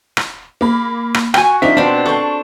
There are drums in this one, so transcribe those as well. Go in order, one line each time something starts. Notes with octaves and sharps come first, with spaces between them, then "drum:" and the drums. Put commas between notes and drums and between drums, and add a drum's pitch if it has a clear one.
drum: rim click
A#3 B5
drum: rim click
F#4 G5 G#5 C#6, drum: rim click
F3 C4 D4 D#4 A#4 E5
B2 C4 D4 C5 B5
A4 C5 A5 C#6